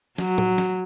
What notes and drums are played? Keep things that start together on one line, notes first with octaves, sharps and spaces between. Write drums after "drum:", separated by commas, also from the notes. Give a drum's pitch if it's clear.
F#3, drum: snare
drum: tom A2
drum: snare